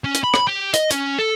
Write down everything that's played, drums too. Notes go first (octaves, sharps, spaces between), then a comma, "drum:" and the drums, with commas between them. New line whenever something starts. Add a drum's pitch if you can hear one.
C#4
drum: hi-hat
B5
drum: rim click
G4
D#5, drum: hi-hat
C#4, drum: hi-hat
A4